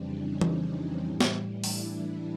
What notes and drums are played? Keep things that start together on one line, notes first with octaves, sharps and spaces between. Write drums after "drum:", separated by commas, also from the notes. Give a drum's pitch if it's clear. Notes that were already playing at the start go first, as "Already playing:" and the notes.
Already playing: F2 C#3 E3 G3 C4 D4
C#4 D#4
drum: tom E3
A2 E3 G3
drum: snare
D4 E4, drum: open hi-hat